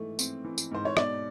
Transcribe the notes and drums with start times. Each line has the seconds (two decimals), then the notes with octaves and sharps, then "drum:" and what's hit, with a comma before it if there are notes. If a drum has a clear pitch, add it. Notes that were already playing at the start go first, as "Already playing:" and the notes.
Already playing: G#2 E3 A3
0.19 C4, drum: tambourine
0.44 E3
0.58 drum: tambourine
0.71 G#2 C5
0.85 C#5
0.97 B2 D5, drum: rim click